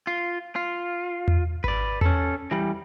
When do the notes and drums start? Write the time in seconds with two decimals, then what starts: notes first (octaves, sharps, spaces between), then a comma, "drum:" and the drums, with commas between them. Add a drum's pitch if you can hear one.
0.07 F4
0.56 F4
1.28 drum: tom E2
1.64 B4 D5, drum: kick G#1
2.01 C#4 A4, drum: tom E2
2.51 E3 G3